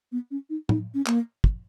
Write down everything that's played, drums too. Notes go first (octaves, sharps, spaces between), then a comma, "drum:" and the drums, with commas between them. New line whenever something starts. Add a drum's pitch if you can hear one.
B3
C#4
D#4
D#4, drum: tom A2
C#4
A#3, drum: clap
drum: kick